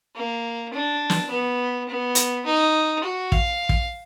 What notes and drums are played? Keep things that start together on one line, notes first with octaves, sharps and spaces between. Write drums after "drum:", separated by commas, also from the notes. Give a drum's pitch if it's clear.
A#3
D4
drum: snare
B3
B3
drum: hi-hat
D#4
F#4
F5, drum: kick
drum: kick